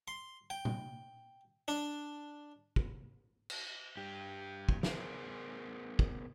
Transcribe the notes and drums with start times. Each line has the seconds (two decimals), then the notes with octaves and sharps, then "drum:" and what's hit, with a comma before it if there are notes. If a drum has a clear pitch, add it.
0.08 C6
0.50 G5
0.65 drum: tom A#2
1.68 D4
2.76 drum: kick
3.50 drum: cymbal
3.97 G2 G4
4.69 drum: kick
4.83 B3 G#4 A#4 C5, drum: snare
5.99 drum: kick